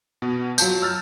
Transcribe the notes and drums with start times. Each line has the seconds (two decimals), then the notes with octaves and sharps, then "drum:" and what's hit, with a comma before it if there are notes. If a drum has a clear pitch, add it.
0.22 B2 B3
0.58 F#3 F4 A5 G6, drum: tambourine
0.82 E6 F6 A6